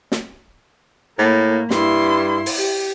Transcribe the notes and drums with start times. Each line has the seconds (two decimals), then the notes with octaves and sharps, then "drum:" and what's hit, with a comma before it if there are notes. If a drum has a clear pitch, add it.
0.12 drum: snare
1.19 A2 A#3
1.70 G2 E4 C6, drum: snare
2.46 drum: open hi-hat
2.57 G4